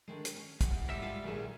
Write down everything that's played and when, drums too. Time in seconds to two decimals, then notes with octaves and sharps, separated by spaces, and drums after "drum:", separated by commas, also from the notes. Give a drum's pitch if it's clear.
0.08 D3 D#3 G#3
0.25 drum: hi-hat
0.35 C#4
0.61 G#2 C3 F#5, drum: kick, hi-hat
0.90 G3 E5
1.02 F4 F5
1.24 A#2 D#3 F#3 G#3 G#4